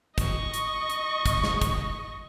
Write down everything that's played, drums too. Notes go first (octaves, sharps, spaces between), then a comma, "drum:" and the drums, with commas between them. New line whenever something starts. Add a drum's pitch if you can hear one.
D#5 C#6, drum: kick, hi-hat
drum: hi-hat
drum: hi-hat
drum: kick, hi-hat
drum: snare
drum: kick, hi-hat